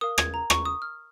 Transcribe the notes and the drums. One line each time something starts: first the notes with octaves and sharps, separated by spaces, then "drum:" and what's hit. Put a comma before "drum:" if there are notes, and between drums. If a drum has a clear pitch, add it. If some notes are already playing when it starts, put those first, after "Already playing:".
A#4 F5 D#6
G#6, drum: rim click
A#5
C#6, drum: rim click
D#6
F6